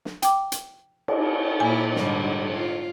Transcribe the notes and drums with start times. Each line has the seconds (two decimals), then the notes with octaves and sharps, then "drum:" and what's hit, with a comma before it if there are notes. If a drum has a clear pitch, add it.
0.05 drum: snare
0.22 G5 D6, drum: hi-hat
0.52 drum: hi-hat
1.08 drum: cymbal
1.60 A#2 A#3 E4 G#5
1.96 G#2 D3 G3, drum: snare
2.52 F4